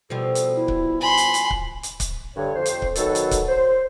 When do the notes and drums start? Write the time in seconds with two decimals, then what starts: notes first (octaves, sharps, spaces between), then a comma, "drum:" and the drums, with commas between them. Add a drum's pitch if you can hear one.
0.10 B2 F3 G3 A4
0.35 drum: hi-hat
0.56 E4
0.68 drum: kick C#1
1.01 G#5 B5 C6
1.18 drum: hi-hat
1.34 drum: hi-hat
1.50 drum: kick C#1
1.83 drum: hi-hat
2.00 drum: kick C#1, hi-hat
2.36 G2 D3 C#5
2.56 F2 C5
2.66 drum: hi-hat
2.82 drum: kick C#1
2.95 B2 D#3 F#3 A4, drum: hi-hat
3.15 drum: hi-hat
3.31 drum: kick C#1, hi-hat
3.48 C5